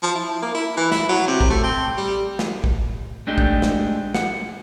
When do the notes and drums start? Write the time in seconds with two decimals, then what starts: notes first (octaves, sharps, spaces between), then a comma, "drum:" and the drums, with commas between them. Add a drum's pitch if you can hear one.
0.03 F3
0.15 E4
0.42 A#3
0.55 E4
0.77 E3
0.92 E4, drum: snare
1.09 F#3
1.27 C3
1.41 drum: kick
1.50 A3
1.63 C4
1.97 G3
2.39 drum: snare
2.64 drum: kick
3.27 G#3 A3 D4 D#4 G4
3.38 drum: kick
3.62 drum: snare
4.14 F#5, drum: snare